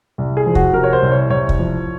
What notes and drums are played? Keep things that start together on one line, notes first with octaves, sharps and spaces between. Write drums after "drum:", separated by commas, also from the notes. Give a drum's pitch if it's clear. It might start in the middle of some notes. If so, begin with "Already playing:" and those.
C2
G#4
F3
F#4, drum: kick
C3 A#4
C#5
C5
C2
C#5
C2 C#5
drum: kick
F3